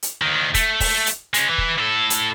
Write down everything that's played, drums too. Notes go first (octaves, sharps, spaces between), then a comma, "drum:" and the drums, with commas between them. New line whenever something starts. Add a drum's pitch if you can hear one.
drum: hi-hat
D2 D#3
A3, drum: kick, hi-hat
drum: kick, open hi-hat
drum: hi-hat
G#3 C#4, drum: hi-hat
E3
drum: kick
A2 A4
drum: hi-hat